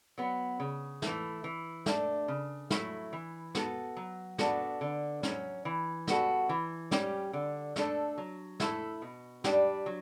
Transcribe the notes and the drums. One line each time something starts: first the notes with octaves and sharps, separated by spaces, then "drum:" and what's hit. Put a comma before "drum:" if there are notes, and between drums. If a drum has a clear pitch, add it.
F#3 B3
C#3
E3 A3, drum: snare
E3
A3 D4, drum: snare
C#3
F#3 A3 E4, drum: snare
E3
B3 F#4 A4, drum: snare
F#3
B3 D4 F#4 A4, drum: snare
D3
F#3 C#4, drum: snare
E3
G3 B3 F#4 A4, drum: snare
E3
G3 C#4 G4, drum: snare
D3
A3 D4 A4, drum: snare
F#3
A3 E4 A4, drum: snare
B2
G3 D4 G4, drum: snare
F#3